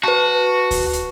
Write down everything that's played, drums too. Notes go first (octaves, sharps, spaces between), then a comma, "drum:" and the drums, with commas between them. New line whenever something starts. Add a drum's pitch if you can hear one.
F#4 B4 A5
drum: kick D2, open hi-hat
drum: hi-hat